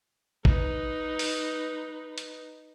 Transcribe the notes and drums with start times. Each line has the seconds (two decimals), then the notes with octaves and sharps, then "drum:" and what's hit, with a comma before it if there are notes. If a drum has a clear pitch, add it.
0.45 D#4 B4, drum: kick
1.19 drum: open hi-hat
2.18 drum: hi-hat